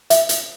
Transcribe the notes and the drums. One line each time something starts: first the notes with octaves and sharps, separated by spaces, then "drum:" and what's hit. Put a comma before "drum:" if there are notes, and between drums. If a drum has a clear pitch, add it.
E5, drum: hi-hat
drum: hi-hat